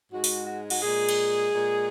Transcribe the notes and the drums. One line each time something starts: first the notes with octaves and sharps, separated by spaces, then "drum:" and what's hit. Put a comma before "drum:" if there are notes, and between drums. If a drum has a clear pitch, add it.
G#2 G#3 F#4
drum: open hi-hat
F#4
F#4, drum: cymbal
A#2 G#3 G#4
drum: cymbal
A#2 G#3